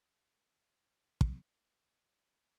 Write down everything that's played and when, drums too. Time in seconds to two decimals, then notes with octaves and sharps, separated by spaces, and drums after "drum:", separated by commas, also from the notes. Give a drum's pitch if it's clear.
0.12 A3 C5
1.21 drum: kick